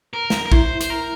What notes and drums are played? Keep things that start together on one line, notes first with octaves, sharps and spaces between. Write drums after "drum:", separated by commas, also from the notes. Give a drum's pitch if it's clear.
A#4
drum: snare
A#4
E4 C5, drum: kick
C5, drum: hi-hat
A#4